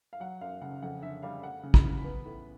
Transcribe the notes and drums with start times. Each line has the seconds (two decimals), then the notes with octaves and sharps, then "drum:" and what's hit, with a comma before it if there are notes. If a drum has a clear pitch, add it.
0.13 F5
0.20 F#3 F#5
0.41 F#2 F5
0.61 C#3 F#5
0.82 F2 F#5
1.02 D3 E5
1.23 G3 F5
1.43 A3 F#5
1.63 C#3
1.74 B5, drum: kick
1.84 E3
2.05 B3
2.25 A2